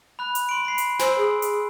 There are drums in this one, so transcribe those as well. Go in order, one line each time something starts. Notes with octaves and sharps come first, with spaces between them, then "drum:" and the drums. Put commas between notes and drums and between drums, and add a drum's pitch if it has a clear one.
B5 F#6
drum: hi-hat
C6 D7
B5 C7
drum: hi-hat
C5 G#5 C6 E6, drum: snare
G#4
drum: hi-hat